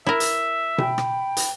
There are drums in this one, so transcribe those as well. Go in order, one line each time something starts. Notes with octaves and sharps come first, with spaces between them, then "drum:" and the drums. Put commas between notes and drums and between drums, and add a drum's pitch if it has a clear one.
E4 A#4 E5
drum: hi-hat
G5 B5, drum: tom B2
drum: rim click
drum: hi-hat